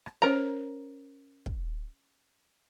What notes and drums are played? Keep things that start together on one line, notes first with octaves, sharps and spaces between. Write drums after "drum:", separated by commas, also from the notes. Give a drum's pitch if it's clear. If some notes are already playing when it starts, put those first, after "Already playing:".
drum: rim click
C#4 A#4 C5 C#5 A#5
drum: kick